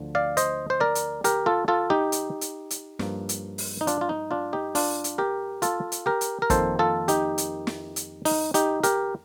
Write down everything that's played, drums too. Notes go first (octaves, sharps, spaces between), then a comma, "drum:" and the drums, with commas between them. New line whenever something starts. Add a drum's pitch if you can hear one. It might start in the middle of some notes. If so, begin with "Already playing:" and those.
Already playing: D2 D3 F3
D5 F5
C5 D#5, drum: hi-hat
C5
A#4 D5
drum: hi-hat
G4 A#4, drum: hi-hat
F4 A4
F4 A4
D#4 G4
drum: hi-hat
drum: hi-hat
drum: hi-hat
G2 F3 A#3, drum: snare
drum: hi-hat
drum: open hi-hat
D#4
D4 F4, drum: hi-hat
F4
D#4
D4 F4
D#4 G4
D4 F4, drum: open hi-hat
drum: hi-hat
G4 A#4
F4 A4, drum: hi-hat
drum: hi-hat
G4 A#4
drum: hi-hat
A#4
F2 D#3 A#3 A4 C5, drum: kick, hi-hat
F4 A4
D#4 G4, drum: hi-hat
drum: hi-hat
drum: snare
drum: hi-hat
D#4, drum: open hi-hat
D#4 G4, drum: hi-hat
G4 A#4, drum: hi-hat